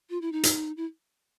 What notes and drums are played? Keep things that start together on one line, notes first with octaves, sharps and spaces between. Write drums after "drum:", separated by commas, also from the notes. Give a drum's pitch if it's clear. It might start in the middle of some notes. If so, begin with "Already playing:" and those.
F4
E4
D#4
drum: hi-hat
E4